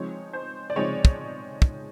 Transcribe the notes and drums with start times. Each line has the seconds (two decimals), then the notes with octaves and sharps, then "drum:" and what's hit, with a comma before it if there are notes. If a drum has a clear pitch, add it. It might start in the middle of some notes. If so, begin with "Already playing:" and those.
Already playing: F3 G#3 C4 D#4 C#5
0.33 C5
0.70 D5
0.76 F3 G#3 C4 D#4 C#5
1.05 drum: kick
1.62 drum: kick